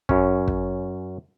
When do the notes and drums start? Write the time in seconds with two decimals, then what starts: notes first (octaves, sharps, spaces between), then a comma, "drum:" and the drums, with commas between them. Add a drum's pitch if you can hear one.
0.09 F#2 C#4, drum: kick
0.48 drum: kick